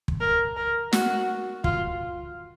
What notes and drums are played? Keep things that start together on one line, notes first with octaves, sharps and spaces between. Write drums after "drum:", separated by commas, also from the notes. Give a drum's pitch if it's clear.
drum: kick
A#4
A#4
F#4, drum: snare
F4, drum: kick